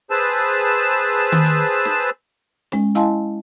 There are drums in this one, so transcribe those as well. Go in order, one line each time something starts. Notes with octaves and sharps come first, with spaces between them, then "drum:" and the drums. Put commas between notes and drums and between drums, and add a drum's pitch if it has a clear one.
G#4 B4 C5 A5 E6
drum: tom D#3
drum: hi-hat
drum: snare
G#3 C#4, drum: snare
E4 D#5 F5 G#5 A5 C6, drum: hi-hat